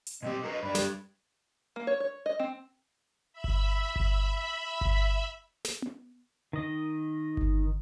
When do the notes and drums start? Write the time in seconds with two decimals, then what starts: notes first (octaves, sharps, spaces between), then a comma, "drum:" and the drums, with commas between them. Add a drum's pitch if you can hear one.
0.07 drum: hi-hat
0.22 A#2 G3 C4 G4 D#5
0.44 F#4 G#4 A#4 B4
0.63 G2 D4 B5
0.75 G3, drum: snare
1.76 A#3
1.87 C#5
2.00 C#5
2.26 D#5
2.39 C4
3.33 E5 B5
3.44 drum: kick G1
3.96 drum: kick G1
4.81 drum: kick G1
5.65 drum: snare
5.82 drum: tom B3
6.53 D#3 D#5
7.37 drum: kick G1